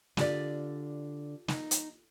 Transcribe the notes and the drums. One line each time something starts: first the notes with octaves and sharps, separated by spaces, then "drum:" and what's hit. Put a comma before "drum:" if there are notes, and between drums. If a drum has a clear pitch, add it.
D3 F4 G4 D5, drum: snare
D#4, drum: snare
drum: hi-hat